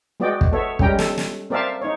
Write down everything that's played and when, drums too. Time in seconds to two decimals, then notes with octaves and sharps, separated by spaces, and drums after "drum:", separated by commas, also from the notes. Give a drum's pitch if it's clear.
0.20 G#3 B3 F#4 D5 D#5 G5
0.41 drum: kick
0.52 B3 A4 C#5 E5
0.79 G3 G#3 C#4 G4 G5 A#5, drum: kick
0.99 A4, drum: snare
1.18 drum: snare
1.50 C4 A#4 D5 E5 F5 A5
1.82 D#4 C#5